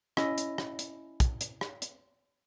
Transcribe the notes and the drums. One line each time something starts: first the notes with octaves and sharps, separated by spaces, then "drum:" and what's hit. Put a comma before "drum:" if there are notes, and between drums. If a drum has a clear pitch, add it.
C#4 E4 D#5, drum: rim click
drum: hi-hat
drum: rim click
drum: hi-hat
drum: kick, hi-hat
drum: hi-hat
drum: rim click
drum: hi-hat